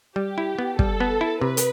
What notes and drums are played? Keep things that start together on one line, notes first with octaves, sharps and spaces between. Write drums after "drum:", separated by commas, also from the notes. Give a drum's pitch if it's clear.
G3 G4
E4
B3
G3 A4, drum: kick
B3
E4
C3 B4
drum: hi-hat